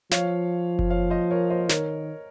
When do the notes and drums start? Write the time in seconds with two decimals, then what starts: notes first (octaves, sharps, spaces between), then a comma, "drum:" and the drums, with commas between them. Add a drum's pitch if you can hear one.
0.12 F3 C#5 F5, drum: snare
0.79 drum: kick F#1
0.90 C#5 F5
1.10 C5 D#5
1.31 A#4 C#5
1.50 C5 D#5
1.69 D#3 A#4 C#5, drum: snare